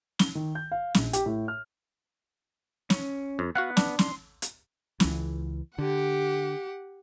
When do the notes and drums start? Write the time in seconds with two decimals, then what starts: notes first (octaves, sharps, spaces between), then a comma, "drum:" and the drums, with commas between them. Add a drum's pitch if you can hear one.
0.19 G7, drum: snare
0.35 D#3
0.55 G6
0.72 F5
0.94 A#1, drum: snare
1.13 G4, drum: hi-hat
1.26 A2
1.48 F6
2.90 C#4, drum: snare
3.39 F2
3.55 B3 F#4 F5 F#5 F#6
3.77 D4, drum: snare
3.99 C6, drum: snare
4.42 drum: hi-hat
5.00 C#2 E3, drum: snare
5.78 D3 G4 F#5